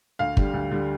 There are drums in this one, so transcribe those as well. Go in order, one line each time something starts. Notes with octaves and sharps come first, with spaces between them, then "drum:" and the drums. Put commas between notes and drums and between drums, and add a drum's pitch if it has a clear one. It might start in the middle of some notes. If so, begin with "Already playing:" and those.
D2 F5
D3 G3, drum: kick
D2
D3 G3